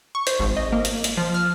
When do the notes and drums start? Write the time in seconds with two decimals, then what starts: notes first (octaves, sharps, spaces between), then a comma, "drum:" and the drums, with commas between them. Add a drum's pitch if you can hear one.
0.15 C#6
0.27 C5, drum: hi-hat
0.40 G#1
0.57 D#5
0.73 A#3
0.85 drum: hi-hat
1.04 drum: hi-hat
1.17 F3
1.34 F6